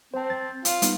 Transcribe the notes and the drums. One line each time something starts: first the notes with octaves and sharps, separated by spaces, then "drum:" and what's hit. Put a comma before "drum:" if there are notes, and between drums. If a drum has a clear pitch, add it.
C4 C5 A5
A6
F4, drum: hi-hat
G3 B3 D#4, drum: hi-hat